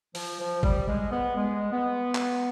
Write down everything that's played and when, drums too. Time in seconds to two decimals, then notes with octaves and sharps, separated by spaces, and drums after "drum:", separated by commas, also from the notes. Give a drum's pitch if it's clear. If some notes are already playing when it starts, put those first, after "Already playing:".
0.15 F3, drum: open hi-hat
0.39 F3
0.63 G3, drum: kick G1
0.88 G#3
1.12 B3
1.37 G#3
1.73 B3
2.15 drum: clap